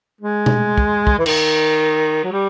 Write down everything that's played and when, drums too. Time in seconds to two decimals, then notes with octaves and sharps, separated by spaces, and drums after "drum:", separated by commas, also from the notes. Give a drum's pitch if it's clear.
0.21 G#3
0.46 drum: tom B2
0.78 drum: kick
1.07 drum: kick
1.18 E3
1.26 D#3, drum: cymbal
2.24 F#3
2.32 G3